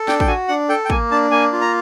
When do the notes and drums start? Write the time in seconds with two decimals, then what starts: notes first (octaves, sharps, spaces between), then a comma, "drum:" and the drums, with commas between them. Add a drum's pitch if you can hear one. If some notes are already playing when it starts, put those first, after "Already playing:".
Already playing: A4
0.08 D4 G5, drum: snare
0.20 G5, drum: kick
0.28 F#4 G#5
0.48 D4 F#5
0.69 A4 G5
0.85 G5
0.90 A#3 G#5, drum: kick
1.11 D4 A5
1.31 A#3 G#5
1.52 F4
1.61 A#5